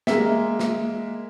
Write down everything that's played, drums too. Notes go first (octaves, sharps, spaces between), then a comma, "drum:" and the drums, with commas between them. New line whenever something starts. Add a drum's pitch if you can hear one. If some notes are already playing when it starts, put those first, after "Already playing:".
G#3 A#3 E5, drum: snare
drum: snare